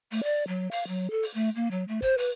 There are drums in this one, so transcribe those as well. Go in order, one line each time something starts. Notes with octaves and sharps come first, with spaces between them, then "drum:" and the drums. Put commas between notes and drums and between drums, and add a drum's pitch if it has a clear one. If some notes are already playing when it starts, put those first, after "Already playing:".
A3, drum: open hi-hat
D5
F#3
F5, drum: open hi-hat
F#3
A4
drum: open hi-hat
A3
A#3
F#3
A3
C5, drum: kick, hi-hat
B4, drum: open hi-hat